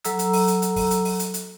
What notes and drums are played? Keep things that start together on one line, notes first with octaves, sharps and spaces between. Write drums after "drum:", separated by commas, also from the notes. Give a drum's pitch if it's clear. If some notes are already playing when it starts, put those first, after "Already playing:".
F#3 A4 A#5 E6, drum: hi-hat
drum: hi-hat
drum: open hi-hat
drum: hi-hat
drum: hi-hat
drum: kick, open hi-hat
drum: hi-hat
drum: open hi-hat
drum: hi-hat
drum: hi-hat